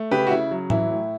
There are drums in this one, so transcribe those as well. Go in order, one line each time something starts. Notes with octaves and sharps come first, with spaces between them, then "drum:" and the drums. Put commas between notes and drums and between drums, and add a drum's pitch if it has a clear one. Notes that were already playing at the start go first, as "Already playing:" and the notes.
Already playing: A3
C#3 G4 B4
F#4
C#3 E4
F#3
E3 E4, drum: tom
A2